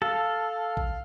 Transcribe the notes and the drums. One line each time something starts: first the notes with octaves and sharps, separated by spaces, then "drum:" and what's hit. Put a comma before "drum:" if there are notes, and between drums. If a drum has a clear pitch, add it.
A4 F5, drum: rim click
drum: kick A#1